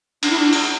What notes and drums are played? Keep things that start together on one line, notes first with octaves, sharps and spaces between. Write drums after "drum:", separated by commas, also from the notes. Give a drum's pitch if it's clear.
D4, drum: cymbal
E4
D4
drum: open hi-hat